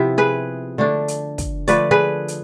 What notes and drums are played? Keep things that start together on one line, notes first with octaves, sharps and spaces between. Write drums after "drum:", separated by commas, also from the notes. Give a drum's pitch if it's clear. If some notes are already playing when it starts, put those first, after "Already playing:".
Already playing: C3 F3 B3 E4
G#4 B4
D3 A3 D4
drum: hi-hat
drum: kick, hi-hat
D3 F3 A3 B4 D5, drum: hi-hat
G#4 B4
drum: hi-hat